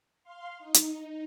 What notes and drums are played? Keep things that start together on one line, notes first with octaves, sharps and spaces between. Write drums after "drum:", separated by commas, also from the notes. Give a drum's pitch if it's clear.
F5 C6
D#4
drum: hi-hat